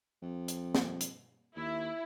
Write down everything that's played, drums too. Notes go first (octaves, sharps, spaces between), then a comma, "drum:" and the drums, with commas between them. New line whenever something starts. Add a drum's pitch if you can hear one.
F2
drum: hi-hat
drum: snare
drum: hi-hat
D#2 E4